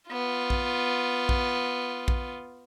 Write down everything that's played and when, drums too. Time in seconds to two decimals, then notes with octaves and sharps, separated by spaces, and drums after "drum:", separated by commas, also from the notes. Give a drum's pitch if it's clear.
0.11 B3 F4
0.50 drum: kick A#1
1.29 drum: kick A#1
2.08 drum: kick A#1